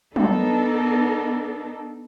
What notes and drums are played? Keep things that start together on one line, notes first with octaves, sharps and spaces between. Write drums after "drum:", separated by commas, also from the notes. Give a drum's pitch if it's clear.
B3 D4 D#4 A4 A#4, drum: tom F#3